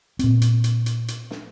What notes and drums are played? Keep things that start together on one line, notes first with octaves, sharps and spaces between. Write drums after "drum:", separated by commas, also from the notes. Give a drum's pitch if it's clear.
A#2 C4, drum: hi-hat
drum: hi-hat
drum: hi-hat
drum: hi-hat
drum: hi-hat
drum: snare